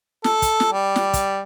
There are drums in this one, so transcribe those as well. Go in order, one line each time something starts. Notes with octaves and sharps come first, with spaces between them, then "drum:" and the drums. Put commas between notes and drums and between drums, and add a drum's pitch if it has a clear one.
A4, drum: snare
drum: kick, hi-hat
drum: snare
G3
drum: snare
drum: kick, hi-hat